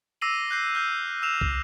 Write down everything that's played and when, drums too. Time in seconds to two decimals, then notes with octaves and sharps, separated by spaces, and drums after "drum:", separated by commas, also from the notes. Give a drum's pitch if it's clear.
0.21 D6 E6 A#6 C7 D#7 F#7
0.51 F#6 G6 C7
0.75 F6 G6
1.22 E6 E7 F7
1.41 drum: kick